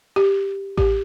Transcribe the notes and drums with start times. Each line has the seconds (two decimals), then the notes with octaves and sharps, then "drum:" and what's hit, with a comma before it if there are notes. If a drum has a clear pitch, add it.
0.16 G4
0.78 G4, drum: kick A1